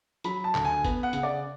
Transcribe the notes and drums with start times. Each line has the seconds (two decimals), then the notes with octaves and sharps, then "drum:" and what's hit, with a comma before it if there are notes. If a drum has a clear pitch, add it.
0.24 F#3 B5, drum: hi-hat
0.44 A5
0.55 D2, drum: clap
0.65 G#5
0.84 B3, drum: kick G1, hi-hat
1.03 F#5
1.13 C#3, drum: hi-hat
1.23 D5